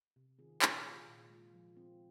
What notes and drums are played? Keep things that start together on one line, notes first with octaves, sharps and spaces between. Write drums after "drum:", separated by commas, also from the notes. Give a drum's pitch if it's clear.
C3
D#3 C4 F4 G#4
A#2, drum: clap
G#3 F4 G#4
A#2
G#3 F4
F3
C4 F4